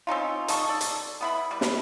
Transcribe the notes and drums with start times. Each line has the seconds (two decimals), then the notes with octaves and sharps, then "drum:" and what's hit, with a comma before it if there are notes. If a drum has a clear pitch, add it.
0.07 C4 C#4 D#4 F4
0.48 D#3 D#4 A4 C#6, drum: hi-hat
0.69 A4 D5
0.81 drum: hi-hat
1.21 B3 E4 B5
1.51 G3 B4
1.61 drum: snare